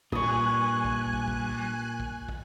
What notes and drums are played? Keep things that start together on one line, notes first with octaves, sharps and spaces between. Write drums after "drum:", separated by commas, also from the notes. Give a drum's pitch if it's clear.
A#2 G3 D4 G#5 C#6 D#6 F#6, drum: kick
drum: kick
drum: kick
drum: kick
drum: kick
drum: kick